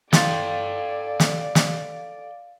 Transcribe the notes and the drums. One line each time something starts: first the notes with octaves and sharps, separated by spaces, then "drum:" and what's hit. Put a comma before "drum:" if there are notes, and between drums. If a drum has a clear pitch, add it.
E4 A4 D5 F5 G5 C6 A6, drum: snare
drum: snare
drum: snare